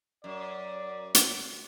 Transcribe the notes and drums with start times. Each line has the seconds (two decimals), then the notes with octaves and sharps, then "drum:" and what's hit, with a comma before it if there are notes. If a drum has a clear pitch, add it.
0.24 F#2 D5
1.15 drum: hi-hat